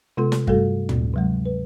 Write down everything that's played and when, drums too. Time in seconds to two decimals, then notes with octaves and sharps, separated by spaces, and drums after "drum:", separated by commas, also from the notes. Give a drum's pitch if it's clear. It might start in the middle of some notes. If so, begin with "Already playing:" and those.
0.17 C3 G#3 B3 F4 A4 C6
0.32 drum: snare
0.47 G2 G3 A3 F#4 A4, drum: kick
0.89 D2, drum: tom
1.14 C3 F#3 G#3
1.46 B4